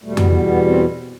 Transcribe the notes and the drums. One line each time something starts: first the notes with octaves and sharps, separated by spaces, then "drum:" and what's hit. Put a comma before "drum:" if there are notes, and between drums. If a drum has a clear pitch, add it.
E2 B2 G3 A3
B3, drum: tom F2
B3
B3
C4